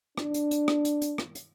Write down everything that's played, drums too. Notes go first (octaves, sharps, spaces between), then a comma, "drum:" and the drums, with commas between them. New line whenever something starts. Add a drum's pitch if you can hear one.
D4, drum: rim click
drum: hi-hat
drum: hi-hat
drum: rim click
drum: hi-hat
drum: hi-hat
drum: rim click
drum: hi-hat